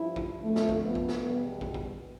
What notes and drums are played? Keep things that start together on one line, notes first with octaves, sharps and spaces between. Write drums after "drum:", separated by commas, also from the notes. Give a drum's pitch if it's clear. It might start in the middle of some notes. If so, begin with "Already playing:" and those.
Already playing: G2 F3 E4
drum: kick
F2 D3 F3 A3
drum: snare
drum: kick
B3
drum: kick
drum: snare
E2 B2 G3
drum: kick
drum: kick